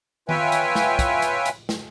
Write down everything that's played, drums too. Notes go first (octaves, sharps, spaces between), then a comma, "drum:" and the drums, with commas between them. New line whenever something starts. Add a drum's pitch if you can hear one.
F4 B4 C#5 E5 G5 G#5, drum: tom D#3
drum: hi-hat
drum: snare
drum: kick, hi-hat
drum: hi-hat
drum: hi-hat
drum: snare